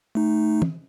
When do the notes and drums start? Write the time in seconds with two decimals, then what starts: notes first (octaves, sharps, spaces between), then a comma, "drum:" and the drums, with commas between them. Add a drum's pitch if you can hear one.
0.15 A3 D#4
0.62 drum: tom